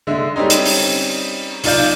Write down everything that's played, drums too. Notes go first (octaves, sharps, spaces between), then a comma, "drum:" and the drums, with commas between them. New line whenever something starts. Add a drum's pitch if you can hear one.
D3 G#3 E5
G3 C4 C#4 D#4
drum: hi-hat
drum: open hi-hat
B1 F4 D5 G6, drum: open hi-hat